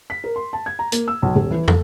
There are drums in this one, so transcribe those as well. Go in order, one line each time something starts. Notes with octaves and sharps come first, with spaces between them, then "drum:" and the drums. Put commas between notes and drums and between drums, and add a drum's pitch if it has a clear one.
B6
A#4
C6
A5
G#6
A#5
A#3, drum: hi-hat
E6
B1
D#1
E3
A4, drum: tom